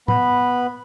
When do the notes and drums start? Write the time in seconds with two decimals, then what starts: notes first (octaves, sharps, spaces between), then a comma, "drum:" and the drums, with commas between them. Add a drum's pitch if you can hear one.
0.08 B3 B4 B5, drum: tom A2